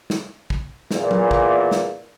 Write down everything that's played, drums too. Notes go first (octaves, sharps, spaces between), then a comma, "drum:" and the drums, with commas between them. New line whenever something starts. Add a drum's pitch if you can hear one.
drum: snare
drum: kick
E2 A#2, drum: snare
drum: tom F#3
drum: kick
drum: snare